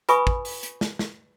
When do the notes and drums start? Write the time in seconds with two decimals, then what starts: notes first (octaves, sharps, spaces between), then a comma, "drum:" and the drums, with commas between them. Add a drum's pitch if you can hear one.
0.09 F4 B4 G#5 B5 C#6 D#6, drum: hi-hat
0.27 drum: kick
0.45 drum: open hi-hat
0.63 drum: hi-hat
0.81 drum: snare
0.99 drum: snare